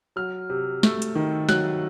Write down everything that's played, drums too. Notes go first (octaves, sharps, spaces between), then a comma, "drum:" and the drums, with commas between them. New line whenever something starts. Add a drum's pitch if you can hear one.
F#3 F6
C3
A3, drum: snare
drum: hi-hat
D#3
F#3 F#6, drum: snare